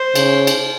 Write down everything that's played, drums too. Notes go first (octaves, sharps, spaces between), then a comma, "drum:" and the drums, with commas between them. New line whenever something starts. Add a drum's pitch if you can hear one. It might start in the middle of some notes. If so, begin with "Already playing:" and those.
Already playing: C5
C#3, drum: cymbal
drum: cymbal